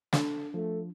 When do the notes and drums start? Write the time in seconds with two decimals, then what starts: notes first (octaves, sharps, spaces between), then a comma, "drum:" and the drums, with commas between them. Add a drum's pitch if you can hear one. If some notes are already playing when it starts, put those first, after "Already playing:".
0.13 D4 A4, drum: snare
0.54 F3 A3